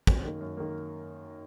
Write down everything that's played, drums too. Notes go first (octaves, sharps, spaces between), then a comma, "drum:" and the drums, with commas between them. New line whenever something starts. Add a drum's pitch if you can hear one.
F#2, drum: kick
D#3 A#3
F#2
D#3 A#3